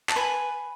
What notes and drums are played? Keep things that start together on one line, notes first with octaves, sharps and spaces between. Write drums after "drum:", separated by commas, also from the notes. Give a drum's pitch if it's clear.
A5, drum: clap
B4 G#5 B5